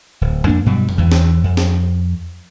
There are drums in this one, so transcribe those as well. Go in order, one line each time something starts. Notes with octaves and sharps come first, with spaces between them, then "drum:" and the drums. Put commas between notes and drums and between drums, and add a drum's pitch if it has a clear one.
D1
F2 A#3 D4
G2 B2 F#3 G3
drum: tom F2
E2 E3
drum: snare
F2
drum: snare